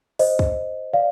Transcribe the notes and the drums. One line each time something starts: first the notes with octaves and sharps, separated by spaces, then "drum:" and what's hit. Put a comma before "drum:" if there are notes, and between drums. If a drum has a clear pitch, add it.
C5 D#5, drum: open hi-hat
drum: kick
D5 F5